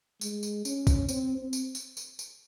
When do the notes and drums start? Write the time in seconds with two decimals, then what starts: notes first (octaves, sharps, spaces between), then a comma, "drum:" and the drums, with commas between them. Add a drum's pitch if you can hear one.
0.21 G#3, drum: tambourine
0.43 drum: tambourine
0.65 C#4, drum: tambourine
0.87 drum: kick A#1, tambourine
1.09 C4, drum: tambourine
1.38 C4
1.53 drum: tambourine
1.75 drum: tambourine
1.97 drum: tambourine
2.19 drum: tambourine